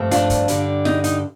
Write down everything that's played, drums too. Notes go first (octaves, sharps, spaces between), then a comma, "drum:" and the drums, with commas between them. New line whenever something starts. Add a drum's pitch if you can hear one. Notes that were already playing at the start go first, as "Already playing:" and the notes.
Already playing: G2 F3 A3 C4
D4 F4, drum: hi-hat
drum: kick, hi-hat
G2 D3 G3, drum: hi-hat
D#4, drum: snare
D#4, drum: hi-hat